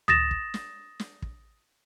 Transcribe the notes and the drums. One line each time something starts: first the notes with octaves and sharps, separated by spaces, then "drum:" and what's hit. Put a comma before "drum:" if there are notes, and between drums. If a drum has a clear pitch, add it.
D#6 A6 A#6 E7, drum: tom C#2
drum: kick
drum: snare
drum: snare
drum: kick